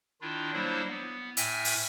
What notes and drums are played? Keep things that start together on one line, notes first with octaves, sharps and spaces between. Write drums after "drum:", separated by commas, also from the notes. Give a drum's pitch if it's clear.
D#3 D4 E4 F4
F#3 G3 A#3 D4 E4 C5
B3
A2 E5 G5 G#5 F6 A#6, drum: hi-hat
drum: open hi-hat